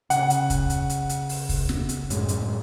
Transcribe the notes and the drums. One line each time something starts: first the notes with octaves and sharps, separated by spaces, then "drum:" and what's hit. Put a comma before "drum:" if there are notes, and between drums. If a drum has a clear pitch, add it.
C#3 F#5, drum: hi-hat
drum: hi-hat
drum: kick, hi-hat
drum: hi-hat
drum: hi-hat
drum: hi-hat
drum: open hi-hat
drum: kick, open hi-hat
drum: snare
drum: hi-hat
F#2 A2 G#3, drum: hi-hat
drum: hi-hat